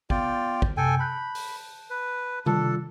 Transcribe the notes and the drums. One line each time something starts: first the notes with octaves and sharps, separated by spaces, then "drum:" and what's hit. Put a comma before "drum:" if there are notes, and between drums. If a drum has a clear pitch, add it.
B3 F4 D5 G5, drum: kick
drum: kick
F#2 C3 A4 G5 G#5
A5 B5 F#6 G6
drum: open hi-hat
B4
D#3 G3 D4 F4 A4, drum: tom C3